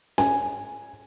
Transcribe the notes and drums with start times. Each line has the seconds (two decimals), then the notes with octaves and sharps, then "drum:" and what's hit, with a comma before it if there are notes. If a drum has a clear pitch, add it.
0.18 G#5, drum: snare C#4